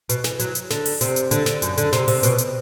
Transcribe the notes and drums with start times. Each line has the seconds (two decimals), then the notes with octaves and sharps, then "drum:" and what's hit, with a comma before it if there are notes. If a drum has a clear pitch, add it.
0.09 B2, drum: hi-hat
0.24 E3, drum: snare
0.39 F#3, drum: hi-hat
0.55 drum: hi-hat
0.70 D3, drum: snare
0.86 drum: open hi-hat
1.01 C3, drum: hi-hat
1.16 drum: hi-hat
1.31 D3, drum: hi-hat
1.46 D3, drum: snare
1.62 F#2, drum: hi-hat
1.78 D3, drum: hi-hat
1.93 C3, drum: snare
2.08 C3, drum: open hi-hat
2.23 B2, drum: hi-hat
2.38 drum: hi-hat